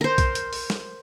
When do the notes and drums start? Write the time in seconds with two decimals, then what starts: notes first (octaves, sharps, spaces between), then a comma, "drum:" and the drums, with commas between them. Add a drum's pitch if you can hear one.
0.01 A#4 C5
0.18 drum: kick B1, hi-hat
0.35 drum: hi-hat
0.53 drum: open hi-hat
0.70 drum: snare